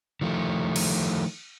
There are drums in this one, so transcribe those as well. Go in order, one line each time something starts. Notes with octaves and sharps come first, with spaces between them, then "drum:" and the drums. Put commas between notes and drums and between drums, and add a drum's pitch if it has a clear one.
D#3 F3 A3
drum: cymbal